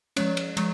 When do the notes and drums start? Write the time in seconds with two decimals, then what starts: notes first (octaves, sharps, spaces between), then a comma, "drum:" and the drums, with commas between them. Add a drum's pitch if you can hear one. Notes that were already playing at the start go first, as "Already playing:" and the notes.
0.16 F3 G#3 C#4 C#5, drum: cymbal
0.37 drum: cymbal
0.57 F3 G#3, drum: cymbal